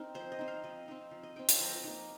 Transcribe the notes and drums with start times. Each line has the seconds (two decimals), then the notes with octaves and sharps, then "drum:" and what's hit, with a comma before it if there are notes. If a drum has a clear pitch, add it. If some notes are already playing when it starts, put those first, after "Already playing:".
Already playing: C4 D#4 A#4
0.14 F3 C5
0.32 D#5
0.39 C4 D#4
0.48 F5
0.64 F3 D#5
0.88 C4 D#4
1.11 F3
1.23 D#5
1.36 C4 D#4 G5
1.49 A5, drum: hi-hat
1.60 F3 A#5
1.84 A#3 D#4